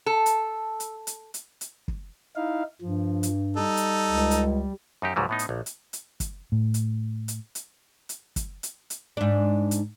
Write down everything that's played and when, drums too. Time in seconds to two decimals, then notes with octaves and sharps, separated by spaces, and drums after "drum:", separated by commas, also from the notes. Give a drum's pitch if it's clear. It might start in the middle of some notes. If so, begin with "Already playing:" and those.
0.06 A4
0.26 drum: hi-hat
0.80 drum: hi-hat
1.07 drum: hi-hat
1.34 drum: hi-hat
1.61 drum: hi-hat
1.88 drum: kick
2.36 D#4 E4 F5
2.81 G2 F3
3.23 drum: hi-hat
3.57 G3 D#4 A4
3.77 drum: hi-hat
4.07 C#2
4.31 drum: hi-hat
5.02 F#2 D#4 G4
5.16 C#2 G#2 F#3 G3
5.29 A2 B3 D#4
5.39 drum: hi-hat
5.49 A#1
5.66 drum: hi-hat
5.93 drum: hi-hat
6.20 drum: kick, hi-hat
6.52 A2
6.74 drum: hi-hat
7.28 drum: hi-hat
7.55 drum: hi-hat
8.09 drum: hi-hat
8.36 drum: kick, hi-hat
8.63 drum: hi-hat
8.90 drum: hi-hat
9.17 G#2 D4
9.71 drum: hi-hat